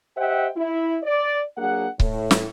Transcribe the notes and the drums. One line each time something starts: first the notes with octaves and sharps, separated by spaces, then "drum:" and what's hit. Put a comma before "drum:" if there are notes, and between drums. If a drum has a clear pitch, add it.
G4 C5 D#5 E5 F#5 G5
E4
D5
F#3 A#3 D4 G#4 F#5
A2, drum: kick C#1
drum: snare